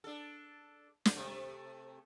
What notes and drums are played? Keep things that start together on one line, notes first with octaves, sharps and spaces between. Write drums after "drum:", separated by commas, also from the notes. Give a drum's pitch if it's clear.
D4 A4
drum: snare
C3 A3